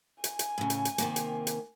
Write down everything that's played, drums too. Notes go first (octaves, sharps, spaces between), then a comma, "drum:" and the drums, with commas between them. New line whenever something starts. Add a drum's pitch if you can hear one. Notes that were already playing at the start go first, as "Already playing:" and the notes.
G#5, drum: hi-hat
drum: hi-hat
A2 C#3
drum: hi-hat
drum: hi-hat
C3 D#3 A#3, drum: hi-hat
drum: hi-hat
drum: hi-hat